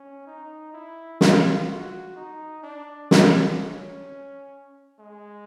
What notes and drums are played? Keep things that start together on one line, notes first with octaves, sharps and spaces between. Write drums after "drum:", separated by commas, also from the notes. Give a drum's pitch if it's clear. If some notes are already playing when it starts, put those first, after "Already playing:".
Already playing: C#4
D#4
E4
F4, drum: snare
F#4
D#4
D4
D4, drum: snare
C#4
G#3